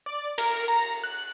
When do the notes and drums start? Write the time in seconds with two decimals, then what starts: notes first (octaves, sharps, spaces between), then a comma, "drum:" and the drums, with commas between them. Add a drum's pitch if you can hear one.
0.06 D5
0.38 A#4, drum: cymbal
0.68 A#5
1.04 F#6